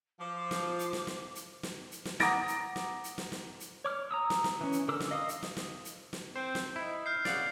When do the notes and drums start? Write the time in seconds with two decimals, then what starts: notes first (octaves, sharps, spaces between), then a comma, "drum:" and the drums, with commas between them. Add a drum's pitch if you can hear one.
0.20 F3 D6
0.51 drum: snare
0.79 drum: hi-hat
0.93 drum: snare
1.07 drum: snare
1.35 drum: hi-hat
1.63 drum: snare
1.91 drum: hi-hat
2.05 drum: snare
2.20 F#5 A#5 D6 D#6 A#6 D7, drum: snare
2.48 drum: hi-hat
2.76 drum: snare
3.04 drum: hi-hat
3.18 drum: snare
3.32 drum: snare
3.60 drum: hi-hat
3.84 C#5 D6 F6
4.11 A#5 D#6 E6
4.30 drum: snare
4.44 drum: snare
4.61 E3 C#4
4.72 drum: hi-hat
4.88 D3 A#4 D6 E6
5.00 drum: snare
5.11 D#5 F5 D#6
5.28 drum: hi-hat
5.43 drum: snare
5.57 drum: snare
5.85 drum: hi-hat
6.13 drum: snare
6.36 C4 C5
6.55 drum: snare
6.76 D#4 E4
7.06 F6 G6 C7
7.25 C#3 D5 F5 F#5, drum: snare